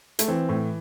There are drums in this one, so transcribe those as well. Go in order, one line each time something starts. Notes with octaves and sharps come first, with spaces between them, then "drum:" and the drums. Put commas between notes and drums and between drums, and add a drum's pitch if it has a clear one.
A3, drum: hi-hat
E3 C4
A2